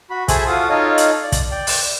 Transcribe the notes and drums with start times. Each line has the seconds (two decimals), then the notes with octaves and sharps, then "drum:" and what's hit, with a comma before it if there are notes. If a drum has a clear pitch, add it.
0.10 F#4 B5
0.28 G#4 A4 C5 E5 G#5, drum: kick, hi-hat
0.47 F4 F#4 A4 F5 D#6
0.70 D#4 F4 A4 C#5 D#5 F5
0.98 drum: hi-hat
1.23 D5
1.32 drum: kick, hi-hat
1.51 D5 G5
1.67 drum: open hi-hat